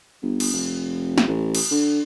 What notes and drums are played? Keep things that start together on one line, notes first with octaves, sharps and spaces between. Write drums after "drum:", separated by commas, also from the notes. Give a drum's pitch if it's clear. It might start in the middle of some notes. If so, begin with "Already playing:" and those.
G1
drum: cymbal
F1
drum: snare
A1
drum: cymbal
D3